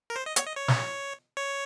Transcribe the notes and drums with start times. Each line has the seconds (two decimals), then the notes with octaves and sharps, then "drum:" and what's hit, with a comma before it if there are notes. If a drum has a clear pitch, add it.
0.10 A#4
0.16 C5
0.26 D#5
0.36 C#5, drum: hi-hat
0.46 D#5
0.56 C#5
0.68 drum: snare
1.37 C#5